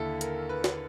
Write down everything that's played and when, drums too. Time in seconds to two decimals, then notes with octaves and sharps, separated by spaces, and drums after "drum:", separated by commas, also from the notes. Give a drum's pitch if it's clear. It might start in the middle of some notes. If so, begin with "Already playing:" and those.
Already playing: D#2 D3 E4 A4
0.21 A#4, drum: hi-hat
0.49 B4
0.64 drum: snare